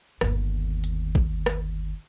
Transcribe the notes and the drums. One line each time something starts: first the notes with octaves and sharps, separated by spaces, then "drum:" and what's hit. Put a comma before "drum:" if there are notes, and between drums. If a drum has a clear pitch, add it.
G1 D#2, drum: rim click
drum: hi-hat
drum: kick
drum: rim click